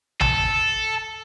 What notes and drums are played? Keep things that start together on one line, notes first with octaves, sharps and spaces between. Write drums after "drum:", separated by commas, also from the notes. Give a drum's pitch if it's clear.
A4, drum: tom